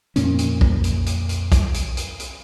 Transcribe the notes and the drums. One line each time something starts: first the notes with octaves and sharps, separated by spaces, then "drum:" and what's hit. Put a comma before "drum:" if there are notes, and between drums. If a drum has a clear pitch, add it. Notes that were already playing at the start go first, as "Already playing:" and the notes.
F2 A#2 A#3 C#4, drum: hi-hat
drum: hi-hat
drum: kick A#1
drum: hi-hat
drum: hi-hat
drum: hi-hat
drum: kick A#1, hi-hat
drum: hi-hat
drum: hi-hat
drum: hi-hat